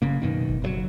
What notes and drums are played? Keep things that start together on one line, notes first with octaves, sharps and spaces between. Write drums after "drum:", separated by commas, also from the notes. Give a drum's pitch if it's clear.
F#1 C#3 A#3
F#2 B2 D#3
drum: kick F#1
F#1 A#2 F#3